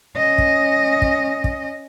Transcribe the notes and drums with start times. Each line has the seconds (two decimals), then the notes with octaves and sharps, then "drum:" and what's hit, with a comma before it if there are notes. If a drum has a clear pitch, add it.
0.17 C#4 D#5
0.38 drum: kick
1.02 drum: kick
1.44 drum: kick